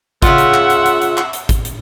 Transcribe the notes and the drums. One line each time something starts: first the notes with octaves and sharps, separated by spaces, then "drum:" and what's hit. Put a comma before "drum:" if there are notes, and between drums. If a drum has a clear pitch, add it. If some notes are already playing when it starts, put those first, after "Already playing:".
C#3 F4 E5 F#5, drum: kick, hi-hat
drum: hi-hat
drum: clap
drum: hi-hat
drum: hi-hat
drum: hi-hat
drum: clap
drum: hi-hat
drum: kick, hi-hat
drum: hi-hat